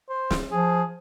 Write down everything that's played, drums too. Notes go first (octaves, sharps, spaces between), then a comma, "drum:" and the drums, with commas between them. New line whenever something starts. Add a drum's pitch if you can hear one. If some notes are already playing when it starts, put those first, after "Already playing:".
C5
drum: snare
F3 G#4